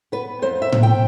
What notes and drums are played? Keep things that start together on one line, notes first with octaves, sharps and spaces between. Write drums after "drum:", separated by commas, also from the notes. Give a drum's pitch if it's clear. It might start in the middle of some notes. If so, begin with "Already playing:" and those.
B3 B4
F2 C5
E5
C3, drum: tom A2
G5